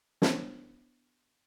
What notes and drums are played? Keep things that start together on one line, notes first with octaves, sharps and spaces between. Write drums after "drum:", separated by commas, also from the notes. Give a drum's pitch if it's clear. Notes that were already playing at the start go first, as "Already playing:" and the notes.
B3 D4 E4 C5 C#5 A5, drum: snare